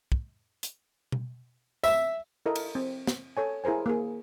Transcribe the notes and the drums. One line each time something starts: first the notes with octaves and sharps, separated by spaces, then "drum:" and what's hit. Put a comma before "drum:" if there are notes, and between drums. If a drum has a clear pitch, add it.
drum: kick
drum: hi-hat
drum: tom B2
E5, drum: tambourine
E4 A4 A#4 D#5
drum: cymbal
C4
drum: snare
A4 C#5 G#5
E4 G#4 A#4 C5 G#5
A#3 G#4